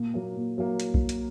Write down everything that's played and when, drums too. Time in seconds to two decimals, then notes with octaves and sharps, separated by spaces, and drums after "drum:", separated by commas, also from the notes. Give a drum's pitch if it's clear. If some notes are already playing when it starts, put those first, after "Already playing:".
Already playing: A#2
0.14 F#3 A#3
0.36 A#2
0.58 F#3 A#3
0.80 drum: hi-hat
0.94 drum: kick B1
1.09 drum: hi-hat